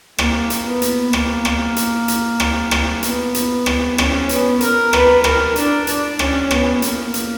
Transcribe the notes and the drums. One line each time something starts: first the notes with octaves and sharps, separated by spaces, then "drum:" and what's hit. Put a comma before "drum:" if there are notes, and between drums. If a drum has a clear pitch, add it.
A#3, drum: rim click
drum: hi-hat
B3
drum: hi-hat
A#3, drum: rim click
drum: rim click
drum: hi-hat
drum: hi-hat
drum: rim click
drum: rim click
B3, drum: hi-hat
drum: hi-hat
drum: rim click
C#4, drum: rim click
B3, drum: hi-hat
A#4, drum: hi-hat
B4, drum: rim click
A#4, drum: rim click
D4, drum: hi-hat
D4, drum: hi-hat
C#4, drum: rim click
B3, drum: rim click
A#3, drum: hi-hat
drum: hi-hat